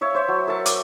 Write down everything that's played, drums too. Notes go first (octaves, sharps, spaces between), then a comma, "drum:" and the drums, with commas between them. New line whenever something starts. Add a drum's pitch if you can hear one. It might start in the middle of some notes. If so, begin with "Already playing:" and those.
C#5 E5 F5
C5 C#5 E5
F#3
A#4 E5 F#5 A5
D6, drum: hi-hat